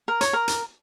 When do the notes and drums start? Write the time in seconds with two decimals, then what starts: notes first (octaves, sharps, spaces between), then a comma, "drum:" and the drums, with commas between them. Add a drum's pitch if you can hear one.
0.08 A#4
0.21 C#5, drum: hi-hat
0.33 A#4
0.48 drum: hi-hat